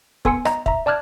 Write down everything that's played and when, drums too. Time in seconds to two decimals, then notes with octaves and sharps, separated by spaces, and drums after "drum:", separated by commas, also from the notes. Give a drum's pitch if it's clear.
0.25 B3 A4 G#5 C6 E6 C#7, drum: kick
0.45 D#5 A#5, drum: rim click
0.66 E5 A#5, drum: kick
0.86 D5 A5 D6 F6 F#6 G#6